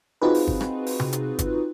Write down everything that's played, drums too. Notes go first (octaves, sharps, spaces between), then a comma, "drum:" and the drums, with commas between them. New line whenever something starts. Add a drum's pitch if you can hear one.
C4 D#4 F4 F#4 G#4 B4
drum: open hi-hat
drum: kick
drum: rim click
drum: open hi-hat
drum: tom C3
drum: hi-hat
drum: kick, hi-hat